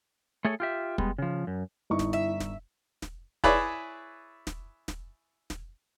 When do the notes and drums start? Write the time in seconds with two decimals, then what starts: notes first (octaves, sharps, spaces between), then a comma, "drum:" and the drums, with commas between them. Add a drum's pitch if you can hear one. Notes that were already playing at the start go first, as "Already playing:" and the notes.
0.45 A3 G#4 A4 C#5
0.60 F4 G4 E5
0.98 G3 G#3 B3, drum: kick
1.18 C#3 F3
1.47 F#2
1.90 G1 D#4 E4 C#6
1.99 drum: snare
2.13 E5
2.40 drum: snare
3.02 drum: snare
3.44 E4 G#4 B4 C#5 D5 E5, drum: kick
4.47 drum: snare
4.88 drum: snare
5.50 drum: snare